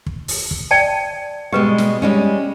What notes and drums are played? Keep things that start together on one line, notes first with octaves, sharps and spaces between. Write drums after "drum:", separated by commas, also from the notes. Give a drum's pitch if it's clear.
drum: kick
drum: open hi-hat
drum: kick
D5 G5 A5
B2 G3 G#3 G4 B4
drum: snare
G3 G#3 C#4